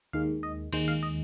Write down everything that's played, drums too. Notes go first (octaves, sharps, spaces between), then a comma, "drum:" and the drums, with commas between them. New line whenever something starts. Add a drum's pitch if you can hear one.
D#2 D#3 G#3 F5
D#5
D#2 D#3 G#3 C5, drum: cymbal
F5
D#5